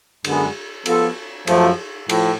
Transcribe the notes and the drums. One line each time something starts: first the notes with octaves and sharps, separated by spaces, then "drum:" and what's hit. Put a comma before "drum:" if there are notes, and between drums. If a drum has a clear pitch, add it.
F#2 D3 G#3 B3, drum: cymbal
F3 B3 F4 A4, drum: cymbal
F#2 F3 A3, drum: cymbal
A2 F3, drum: cymbal